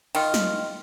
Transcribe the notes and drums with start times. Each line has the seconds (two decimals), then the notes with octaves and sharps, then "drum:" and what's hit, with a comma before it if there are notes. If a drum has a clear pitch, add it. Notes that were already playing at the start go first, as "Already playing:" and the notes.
0.15 D#3 F4, drum: cymbal
0.34 drum: snare